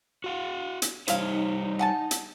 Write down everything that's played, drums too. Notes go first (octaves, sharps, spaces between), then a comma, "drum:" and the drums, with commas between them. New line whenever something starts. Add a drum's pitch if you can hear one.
F#4 F5 F#5
drum: hi-hat
G3 D#4 E4 C5 C#5 F5, drum: hi-hat
F#5 G#5 A5
drum: hi-hat